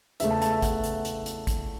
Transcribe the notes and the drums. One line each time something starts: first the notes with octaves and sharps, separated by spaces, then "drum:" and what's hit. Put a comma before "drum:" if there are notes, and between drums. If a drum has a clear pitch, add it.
E2 C#3 A3 E5, drum: hi-hat
A5
A5, drum: hi-hat
E5
F#5, drum: kick A1, hi-hat
drum: hi-hat
drum: hi-hat
drum: hi-hat
drum: kick A1, hi-hat